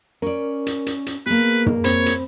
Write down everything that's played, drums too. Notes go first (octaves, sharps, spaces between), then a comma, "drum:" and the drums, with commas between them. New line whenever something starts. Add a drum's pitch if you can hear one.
C#4 A#4 D5
drum: hi-hat
drum: hi-hat
drum: hi-hat
A#3 B3 G#4 B4
drum: tom
C4 C5 C#5 B5, drum: hi-hat
drum: hi-hat